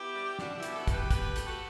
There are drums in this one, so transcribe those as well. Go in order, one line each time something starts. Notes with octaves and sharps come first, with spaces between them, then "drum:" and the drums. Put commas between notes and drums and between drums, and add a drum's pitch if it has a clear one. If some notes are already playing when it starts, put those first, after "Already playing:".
Already playing: B3 E4 G4
G3
B2 D4 F#4, drum: snare
E4 G4
B2, drum: hi-hat
F#4 A4
B3, drum: kick, hi-hat
G4 B4
B2 G4 B4, drum: kick, hi-hat
A3, drum: hi-hat
F#4 A4